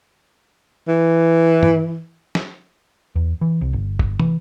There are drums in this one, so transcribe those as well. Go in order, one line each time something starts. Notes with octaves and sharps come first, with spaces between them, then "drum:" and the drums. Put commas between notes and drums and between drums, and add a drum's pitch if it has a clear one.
E3
drum: tom
drum: snare
E2
E3
C2
G1
G1, drum: kick F1
E3, drum: tom